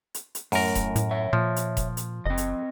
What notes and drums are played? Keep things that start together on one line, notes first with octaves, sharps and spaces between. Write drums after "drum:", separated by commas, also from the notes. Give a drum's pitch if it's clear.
drum: hi-hat
drum: hi-hat
F#2 A2 A#4, drum: open hi-hat
drum: kick E1, hi-hat
A2, drum: hi-hat
C#5 E5
A#2 F3
drum: hi-hat
drum: kick E1, hi-hat
drum: hi-hat
F#1 C4 D#5
drum: hi-hat